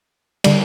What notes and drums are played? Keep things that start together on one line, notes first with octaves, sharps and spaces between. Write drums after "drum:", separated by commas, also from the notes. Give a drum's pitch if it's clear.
D3 G3 D5, drum: cymbal